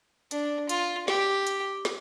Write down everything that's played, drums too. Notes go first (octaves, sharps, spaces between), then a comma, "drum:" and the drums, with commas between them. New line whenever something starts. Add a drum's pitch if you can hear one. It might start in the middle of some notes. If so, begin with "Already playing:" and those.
D4, drum: hi-hat
F4, drum: hi-hat
G4, drum: snare
drum: hi-hat
drum: snare